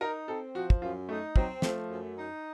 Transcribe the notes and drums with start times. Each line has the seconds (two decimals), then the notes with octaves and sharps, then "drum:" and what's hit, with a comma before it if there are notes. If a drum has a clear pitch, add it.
0.01 D#4 A#4
0.27 C4 A4
0.54 F3 F#4
0.70 drum: kick
0.81 F#2 F4
1.08 A3 D#4
1.36 F#3 C4, drum: kick
1.62 F3 A3, drum: snare
1.89 F#2
2.16 D#4